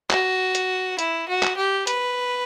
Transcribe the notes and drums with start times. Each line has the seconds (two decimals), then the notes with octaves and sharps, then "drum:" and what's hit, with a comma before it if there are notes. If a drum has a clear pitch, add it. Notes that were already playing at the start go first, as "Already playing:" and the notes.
0.10 F#4, drum: clap
0.55 drum: hi-hat
0.99 E4, drum: hi-hat
1.28 F#4
1.43 drum: clap
1.57 G4
1.87 B4, drum: hi-hat